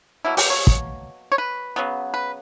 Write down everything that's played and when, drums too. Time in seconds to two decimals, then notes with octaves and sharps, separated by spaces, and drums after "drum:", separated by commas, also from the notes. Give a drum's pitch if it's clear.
0.25 B2 F#3 A#3 E4
0.37 G4, drum: open hi-hat
0.50 C#5
0.67 drum: kick
1.32 C#5
1.38 B4
1.76 C#3 F#3 B3
2.14 B4